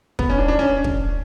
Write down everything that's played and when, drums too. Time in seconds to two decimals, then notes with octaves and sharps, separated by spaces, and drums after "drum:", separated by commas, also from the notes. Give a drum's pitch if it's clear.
0.19 B3, drum: kick
0.30 C#4
0.38 D4
0.48 D4
0.59 C#4
0.84 drum: kick